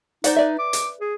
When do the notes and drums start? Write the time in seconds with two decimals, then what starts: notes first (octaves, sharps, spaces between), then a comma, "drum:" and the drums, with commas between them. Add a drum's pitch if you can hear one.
0.24 D#4 C5 D5 F#5, drum: hi-hat
0.36 B4 D5 E5
0.59 D6
0.73 drum: hi-hat
1.01 G#4